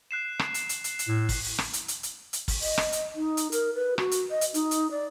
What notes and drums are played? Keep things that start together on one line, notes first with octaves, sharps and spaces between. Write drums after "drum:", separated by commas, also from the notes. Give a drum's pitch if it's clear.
F#6 C7 E7
drum: rim click
drum: hi-hat
drum: hi-hat
drum: hi-hat
drum: hi-hat
A2
drum: kick, open hi-hat
drum: open hi-hat
drum: rim click
drum: hi-hat
drum: hi-hat
drum: hi-hat
drum: hi-hat
drum: kick, open hi-hat
D#5, drum: open hi-hat
drum: rim click
drum: hi-hat
D#4
drum: hi-hat
A#4, drum: hi-hat
B4
F#4, drum: rim click
drum: hi-hat
D#5
drum: hi-hat
D#4, drum: hi-hat
drum: hi-hat
D5